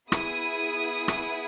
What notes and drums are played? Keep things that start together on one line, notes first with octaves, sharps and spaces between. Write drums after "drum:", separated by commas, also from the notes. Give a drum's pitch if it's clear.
B3 E4 G#4 D#6, drum: rim click
drum: rim click